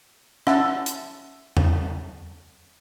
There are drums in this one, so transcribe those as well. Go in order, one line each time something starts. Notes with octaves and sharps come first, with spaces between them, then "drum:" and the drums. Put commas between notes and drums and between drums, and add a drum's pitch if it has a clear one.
C#4 E5 F#5 A5, drum: rim click
drum: hi-hat
drum: tom E2